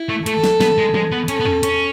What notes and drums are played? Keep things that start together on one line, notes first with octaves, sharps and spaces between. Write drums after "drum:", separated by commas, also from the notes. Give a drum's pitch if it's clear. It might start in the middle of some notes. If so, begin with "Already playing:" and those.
Already playing: E4
A3
A3 A4, drum: hi-hat
drum: snare
B3, drum: snare
G#3
G#3, drum: tom E3
B3
C#4 A4, drum: hi-hat
B3
C#4, drum: tom E2
C#4, drum: hi-hat